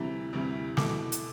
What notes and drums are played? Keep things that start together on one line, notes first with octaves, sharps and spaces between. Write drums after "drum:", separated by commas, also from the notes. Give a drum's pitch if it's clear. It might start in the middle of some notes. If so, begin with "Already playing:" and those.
Already playing: D2 C3 E3 G3
D2 C3 E3 G3
B2 A3 E4 D6, drum: snare
drum: hi-hat